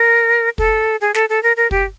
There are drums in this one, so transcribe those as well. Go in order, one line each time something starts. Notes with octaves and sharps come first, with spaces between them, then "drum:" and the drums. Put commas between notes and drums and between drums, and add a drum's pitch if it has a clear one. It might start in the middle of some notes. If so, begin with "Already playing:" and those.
Already playing: A#4
A4, drum: kick
G#4
A4, drum: snare
A4
A#4
A#4
G4, drum: kick